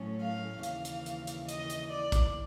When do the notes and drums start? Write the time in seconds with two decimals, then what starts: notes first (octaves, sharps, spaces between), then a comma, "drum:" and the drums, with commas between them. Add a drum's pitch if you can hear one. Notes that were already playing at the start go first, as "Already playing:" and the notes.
Already playing: A2 F#3 A3 C#4
0.21 F5
0.63 D#2 C#3 E3 F5, drum: hi-hat
0.85 drum: hi-hat
1.06 drum: hi-hat
1.27 drum: hi-hat
1.49 D#5, drum: hi-hat
1.70 drum: hi-hat
1.91 D5
2.12 drum: kick, hi-hat